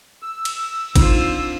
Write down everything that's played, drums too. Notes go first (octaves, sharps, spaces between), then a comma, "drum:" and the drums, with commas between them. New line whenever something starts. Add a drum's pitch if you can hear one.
E6
drum: cymbal
D1 D3 C4 D#4 F4 C5, drum: kick, cymbal